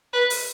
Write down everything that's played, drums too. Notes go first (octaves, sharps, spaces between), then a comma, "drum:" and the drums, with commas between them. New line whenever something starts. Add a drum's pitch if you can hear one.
B4
drum: open hi-hat